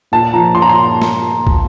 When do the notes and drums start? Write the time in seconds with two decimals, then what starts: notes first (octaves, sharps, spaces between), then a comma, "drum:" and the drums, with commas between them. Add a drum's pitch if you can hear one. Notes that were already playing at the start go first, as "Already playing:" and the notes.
0.12 A#2 A5
0.33 F3 A#5
0.55 A#2 C6
0.62 A#5
0.69 C6
1.02 drum: snare
1.47 drum: kick